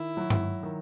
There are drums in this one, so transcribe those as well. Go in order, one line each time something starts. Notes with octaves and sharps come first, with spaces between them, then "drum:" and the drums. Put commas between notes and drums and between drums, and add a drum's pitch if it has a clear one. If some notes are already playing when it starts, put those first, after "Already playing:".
Already playing: D#3 E4
F#3
drum: tom G2
D#3